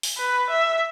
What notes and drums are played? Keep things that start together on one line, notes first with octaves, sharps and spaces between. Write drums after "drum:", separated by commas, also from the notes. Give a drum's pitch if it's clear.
drum: open hi-hat
B4
E5